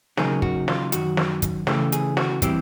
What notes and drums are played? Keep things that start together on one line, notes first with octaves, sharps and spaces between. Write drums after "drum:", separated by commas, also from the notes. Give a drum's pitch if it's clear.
C#3 F#3 A#3 D#4 G#4, drum: snare
F#4, drum: kick
F4, drum: snare
F#2 D#3 F#3 F#4, drum: hi-hat
drum: snare
drum: kick, hi-hat
C#3 E3 A3 G4, drum: snare
G#4, drum: hi-hat
F#4, drum: snare
E3 G3 C4 E4 G4, drum: kick, hi-hat